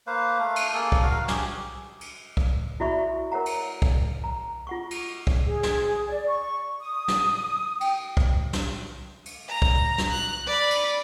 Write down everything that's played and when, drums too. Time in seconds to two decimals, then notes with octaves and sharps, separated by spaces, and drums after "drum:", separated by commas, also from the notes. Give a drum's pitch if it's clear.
0.07 A#3 B4 C5 F5
0.39 A3 F5
0.56 drum: cymbal
0.74 A#3 G#4 A4
0.92 drum: kick B1
1.03 F#4 A#4 F5
1.28 G4 G#4, drum: snare
2.01 drum: cymbal
2.37 drum: kick B1
2.80 E4 F#4 D5 E5 B5 C#6
3.32 A#4 C#5 F#5 A#5
3.46 drum: cymbal
3.82 drum: kick B1
4.24 A#5
4.67 F4 F#5 C#6
4.91 drum: cymbal
5.27 drum: kick B1
5.46 G#4
5.63 drum: snare
6.09 D5
6.27 C#6
6.81 D#6
7.08 drum: snare
7.81 G5, drum: cymbal
8.17 drum: kick B1
8.53 drum: snare
9.26 drum: cymbal
9.48 A#5
9.62 drum: kick B1
9.98 drum: snare
10.11 F#6
10.46 D5 B5
10.71 drum: cymbal